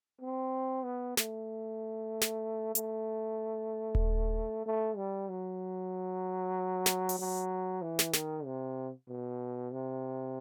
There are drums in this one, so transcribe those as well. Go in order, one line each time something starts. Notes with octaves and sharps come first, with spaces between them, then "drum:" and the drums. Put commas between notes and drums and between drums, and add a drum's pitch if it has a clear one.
C4
B3
A3, drum: snare
drum: snare
A3, drum: hi-hat
drum: kick D#1
A3
G3
F#3
drum: snare
drum: open hi-hat
F#3
E3
drum: snare
D#3, drum: snare
C3
B2
C3